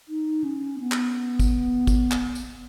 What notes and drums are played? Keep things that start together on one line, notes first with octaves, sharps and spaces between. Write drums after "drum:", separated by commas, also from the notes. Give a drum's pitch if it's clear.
D#4
C#4
B3
drum: clap
drum: kick, tambourine
drum: kick, tambourine
drum: clap
drum: tambourine